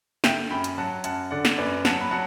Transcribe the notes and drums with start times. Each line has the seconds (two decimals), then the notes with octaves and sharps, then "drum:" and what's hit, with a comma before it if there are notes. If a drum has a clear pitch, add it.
0.24 D3 E5 G5, drum: snare
0.50 F#2 G5 B5
0.64 drum: hi-hat
0.78 F#3 F#5 A5
1.04 F#2 F#5 A5, drum: hi-hat
1.31 D3 D5 F#5
1.45 drum: snare
1.58 F#2 B4 D5
1.85 F#3 F#5 A5, drum: snare
2.01 B5
2.11 F#3 F#5 A5